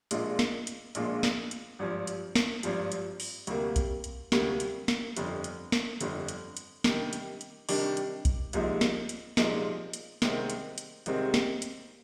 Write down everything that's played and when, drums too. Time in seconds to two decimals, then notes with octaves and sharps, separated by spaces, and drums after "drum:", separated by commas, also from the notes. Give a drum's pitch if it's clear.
0.11 A#1 A#2 G#3 D4 F4, drum: hi-hat
0.39 drum: snare
0.67 drum: hi-hat
0.95 A#1 A#2 G#3 D4 F4, drum: hi-hat
1.23 drum: snare
1.51 drum: hi-hat
1.79 G#1 G2 F3
2.07 drum: hi-hat
2.35 drum: snare
2.63 G#1 G2 F3, drum: hi-hat
2.92 drum: hi-hat
3.20 drum: open hi-hat
3.47 D2 C3 G3 A#3, drum: hi-hat
3.76 drum: kick B1, hi-hat
4.04 drum: hi-hat
4.32 D2 C3 G3 A#3, drum: snare
4.60 drum: hi-hat
4.88 drum: snare
5.17 G1 F2 D3, drum: hi-hat
5.44 drum: hi-hat
5.72 drum: snare
6.01 G1 F2 D3, drum: hi-hat
6.28 drum: hi-hat
6.57 drum: hi-hat
6.84 C3 D#3 G3 D4, drum: snare
7.13 drum: hi-hat
7.41 drum: hi-hat
7.69 C3 D#3 G3 D4, drum: open hi-hat
7.97 drum: hi-hat
8.25 drum: kick B1, hi-hat
8.53 C2 A#2 F3 G#3 D#4, drum: hi-hat
8.81 drum: snare
9.09 drum: hi-hat
9.37 C2 A#2 F3 G#3 D#4, drum: snare
9.93 drum: hi-hat
10.22 C2 C3 D#3 G#3 C4, drum: snare
10.50 drum: hi-hat
10.78 drum: hi-hat
11.06 C2 C3 D#3 G#3 C4, drum: hi-hat
11.34 drum: snare
11.62 drum: hi-hat